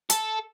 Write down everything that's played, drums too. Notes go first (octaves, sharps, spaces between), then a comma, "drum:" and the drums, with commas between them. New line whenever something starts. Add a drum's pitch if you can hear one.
A4, drum: hi-hat